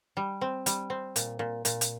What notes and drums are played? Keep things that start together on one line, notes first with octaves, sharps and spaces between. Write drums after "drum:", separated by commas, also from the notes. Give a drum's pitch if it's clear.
G3
C4
G3, drum: hi-hat
C4
A#2, drum: hi-hat
A#2
A#2, drum: hi-hat
drum: hi-hat